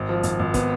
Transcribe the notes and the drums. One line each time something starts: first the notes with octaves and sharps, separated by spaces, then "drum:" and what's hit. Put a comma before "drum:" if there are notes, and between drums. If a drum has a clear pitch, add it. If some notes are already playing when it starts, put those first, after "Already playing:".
Already playing: G#1
F3
G#1, drum: hi-hat
G#1
B3, drum: kick, hi-hat